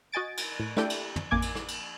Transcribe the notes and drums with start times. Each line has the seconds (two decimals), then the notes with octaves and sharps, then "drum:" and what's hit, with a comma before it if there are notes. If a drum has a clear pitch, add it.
0.12 F#4 D#5 G#5 A6 D7
0.37 drum: cymbal
0.60 A2
0.77 A3 D4 E4 G4 A4 G5, drum: rim click
0.90 drum: cymbal
1.16 drum: tom
1.31 A1 F2 A#3 G#5 D6 G#6
1.42 drum: cymbal
1.55 drum: rim click
1.68 drum: cymbal